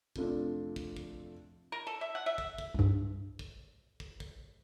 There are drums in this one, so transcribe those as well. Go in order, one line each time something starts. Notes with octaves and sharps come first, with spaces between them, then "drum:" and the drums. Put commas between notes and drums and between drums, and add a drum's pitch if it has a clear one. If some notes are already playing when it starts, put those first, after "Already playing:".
F2 C3 F3 A3 C4 D4, drum: kick
drum: kick
drum: kick
A#4
A4
E5
F#5
E5
drum: kick
drum: kick
C2 G2
drum: kick
drum: kick
drum: kick